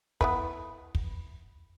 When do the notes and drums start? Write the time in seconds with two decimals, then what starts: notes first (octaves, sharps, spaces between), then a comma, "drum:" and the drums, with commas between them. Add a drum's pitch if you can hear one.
0.21 B3 E4 B4, drum: kick
0.95 drum: kick